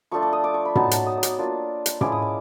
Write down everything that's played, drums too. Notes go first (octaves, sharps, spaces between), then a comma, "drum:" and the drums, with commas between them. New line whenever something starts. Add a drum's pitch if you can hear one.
F3 A3 D4 F4 C#6
D6
D#6
D6
C#6
B5
F#3 B3 D#4 A5, drum: tom
A5, drum: hi-hat
D#6
D#6
D6, drum: hi-hat
A#3 D4 F4
drum: hi-hat
F3 G#3 C#4 E4 D6, drum: tom
D#6
D6